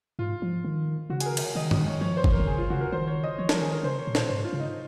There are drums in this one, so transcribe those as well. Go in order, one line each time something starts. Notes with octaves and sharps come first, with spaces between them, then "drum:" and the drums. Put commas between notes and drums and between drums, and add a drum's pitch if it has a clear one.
G#2 F4
F3
D#3
C#3 F#4
G#4, drum: hi-hat
A#4
drum: cymbal
D#3 D#5
D#5, drum: tom
D#3
C#5
F3 C#5
C5
D#3, drum: kick G1
F3 A#4
D#3
C#3 G#4
F4
C#3 F#4
A#4
D#3 C5
C#5
D#5
F3 C#5
A#4, drum: snare
F3
D#3 G#4
A#4
C#3 C5
C#5
A#2
C5, drum: snare
G#2 C5
F4
C#3
D#4